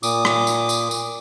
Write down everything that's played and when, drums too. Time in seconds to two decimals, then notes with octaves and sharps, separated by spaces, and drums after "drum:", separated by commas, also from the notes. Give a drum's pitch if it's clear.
0.03 A#2 D6 D#6, drum: tambourine
0.25 drum: rim click
0.47 drum: tambourine
0.69 drum: tambourine
0.91 drum: tambourine